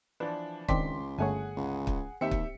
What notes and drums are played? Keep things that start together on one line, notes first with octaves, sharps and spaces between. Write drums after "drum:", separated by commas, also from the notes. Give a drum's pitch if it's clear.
E3 F3 D4 B4
C#2 D#3 C4 D4 C6 D6 B6, drum: kick
G1 A3 G#4 C#5 F#5 G#5
C#2
drum: kick
D#2 C4 G4 E5 C#7
drum: kick